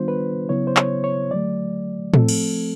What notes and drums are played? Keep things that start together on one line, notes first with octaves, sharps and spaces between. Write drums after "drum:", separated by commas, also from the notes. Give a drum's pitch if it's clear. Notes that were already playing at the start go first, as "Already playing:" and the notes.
Already playing: D#3 G3 B3 D4 F4 C5
B4
C#3 F#3 B3 E4 C#5
C5
C#5, drum: clap
C#5
D3 F#3 A3 D5
F3 A3 C4 A4, drum: tom A2
drum: cymbal